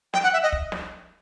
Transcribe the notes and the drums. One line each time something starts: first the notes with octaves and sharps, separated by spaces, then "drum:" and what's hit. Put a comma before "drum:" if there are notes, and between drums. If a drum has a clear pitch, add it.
G5, drum: snare
F#5
E5
D#5
drum: kick
drum: snare